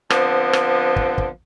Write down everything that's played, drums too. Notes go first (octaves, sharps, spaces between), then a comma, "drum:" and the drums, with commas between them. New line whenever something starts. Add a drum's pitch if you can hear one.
D3 F3 B3 C4, drum: rim click
drum: rim click
drum: kick
drum: kick